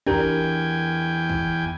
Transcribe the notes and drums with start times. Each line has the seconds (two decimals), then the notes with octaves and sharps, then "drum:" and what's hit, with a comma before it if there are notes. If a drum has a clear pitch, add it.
0.07 E2 D4 G4 A#4 G5 G#5, drum: kick
1.29 drum: kick